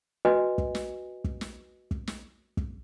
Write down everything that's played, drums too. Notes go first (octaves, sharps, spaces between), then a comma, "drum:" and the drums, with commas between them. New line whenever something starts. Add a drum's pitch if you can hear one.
F#4 B4 D#5 G#5
drum: kick
drum: snare
drum: kick
drum: snare
drum: kick
drum: snare
drum: kick